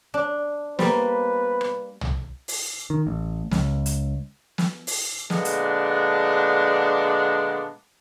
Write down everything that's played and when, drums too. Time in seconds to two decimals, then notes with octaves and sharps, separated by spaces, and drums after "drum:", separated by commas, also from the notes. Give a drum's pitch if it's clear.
0.14 D4
0.79 G3 A#3 B3 B4 C5, drum: snare
1.61 drum: rim click
2.01 drum: tom
2.48 drum: open hi-hat
2.90 D#3
3.07 A1
3.51 C#2, drum: snare
3.86 drum: hi-hat
4.58 drum: snare
4.87 drum: open hi-hat
5.30 A#2 D3 G#3 B3 D4, drum: snare
5.45 drum: hi-hat